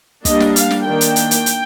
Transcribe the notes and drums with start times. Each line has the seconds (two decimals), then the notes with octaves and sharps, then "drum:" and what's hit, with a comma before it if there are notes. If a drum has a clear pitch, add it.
0.25 G3 A#3 D4 D#5, drum: kick, hi-hat
0.40 drum: snare
0.56 F5, drum: hi-hat
0.71 drum: snare
0.86 D#3 A#3 D4 G5
1.01 drum: hi-hat
1.16 drum: hi-hat
1.31 drum: hi-hat
1.46 drum: hi-hat